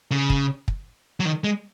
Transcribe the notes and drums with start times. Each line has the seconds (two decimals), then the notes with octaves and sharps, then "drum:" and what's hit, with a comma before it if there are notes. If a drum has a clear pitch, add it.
0.11 C#3
0.30 drum: kick
0.68 drum: kick
1.20 F#3
1.25 D#3
1.44 G#3